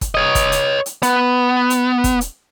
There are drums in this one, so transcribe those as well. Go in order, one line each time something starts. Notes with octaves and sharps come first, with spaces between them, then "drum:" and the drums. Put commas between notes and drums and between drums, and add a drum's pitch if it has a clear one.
drum: kick, hi-hat
C#5 D#5
drum: kick, hi-hat
drum: hi-hat
drum: hi-hat
B3, drum: hi-hat
drum: hi-hat
drum: kick, hi-hat
drum: hi-hat